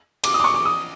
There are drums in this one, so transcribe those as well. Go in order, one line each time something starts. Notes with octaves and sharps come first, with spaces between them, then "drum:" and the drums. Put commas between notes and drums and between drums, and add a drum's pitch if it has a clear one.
D6, drum: cymbal
D#6
D6
C#6
D6
D#6